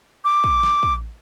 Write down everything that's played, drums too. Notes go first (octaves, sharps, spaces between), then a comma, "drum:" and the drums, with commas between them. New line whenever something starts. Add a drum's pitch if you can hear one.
D6
drum: kick
drum: snare
drum: kick